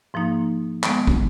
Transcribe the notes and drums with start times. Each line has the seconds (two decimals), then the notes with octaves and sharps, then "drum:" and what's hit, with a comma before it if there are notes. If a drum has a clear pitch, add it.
0.14 G#2 F3 A#3 D#4
0.83 D#3 G#3 B3, drum: clap
1.07 drum: kick